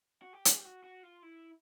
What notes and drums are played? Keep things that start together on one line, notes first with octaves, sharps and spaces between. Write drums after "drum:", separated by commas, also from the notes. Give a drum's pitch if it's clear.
F#4
G4
G#4, drum: hi-hat
G4
F#4
F#4
F4
E4